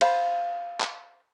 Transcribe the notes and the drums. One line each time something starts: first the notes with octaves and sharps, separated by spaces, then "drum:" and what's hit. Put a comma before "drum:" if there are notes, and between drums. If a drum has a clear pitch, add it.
C5 F5 B5, drum: cymbal
drum: clap